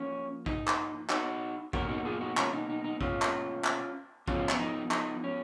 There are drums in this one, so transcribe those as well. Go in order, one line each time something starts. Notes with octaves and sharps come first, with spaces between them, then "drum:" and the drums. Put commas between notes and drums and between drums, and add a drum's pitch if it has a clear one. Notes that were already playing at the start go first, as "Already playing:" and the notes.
Already playing: F3 A#3 C#4
D#4, drum: kick A1
drum: clap
D#4 F#4, drum: clap
B2 A#3 C#4 F#4 A#4, drum: kick A1
D#4 F#4
F4 G#4
D#4 F#4
C#4 F4, drum: clap
D#4
D#4
D#4
C#4 F4, drum: kick A1
drum: clap
drum: clap
F3 B3 C#4 F4, drum: kick A1
drum: clap
D#4
D#4, drum: clap
C#4